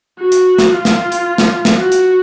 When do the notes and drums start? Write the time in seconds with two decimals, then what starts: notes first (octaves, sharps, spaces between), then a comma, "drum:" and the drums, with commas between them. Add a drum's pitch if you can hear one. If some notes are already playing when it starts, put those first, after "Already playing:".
0.19 F#4
0.32 drum: hi-hat
0.58 drum: snare
0.72 F4
0.85 drum: snare
1.12 drum: hi-hat
1.38 drum: snare
1.65 drum: snare
1.78 F#4
1.92 drum: hi-hat